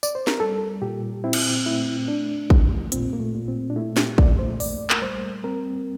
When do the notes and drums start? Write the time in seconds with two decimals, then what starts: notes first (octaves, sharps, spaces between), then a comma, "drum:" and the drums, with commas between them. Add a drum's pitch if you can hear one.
0.03 D5, drum: tambourine
0.15 C5
0.27 A#4, drum: snare
0.40 G3 A4
0.82 A#2 G4
1.24 C4 E4
1.33 drum: cymbal
1.66 A3 E4
2.07 A3 D4
2.50 G4, drum: kick
2.92 A#2 C4, drum: hi-hat
3.13 A#3
3.20 A3
3.35 A#2
3.48 C4
3.70 D4
3.76 A3 E4
3.97 G4, drum: snare
4.18 A3 D5, drum: kick
4.39 C5
4.60 A#3 D5, drum: open hi-hat
4.90 A#4, drum: clap
5.02 G3 C5
5.44 C4 A#4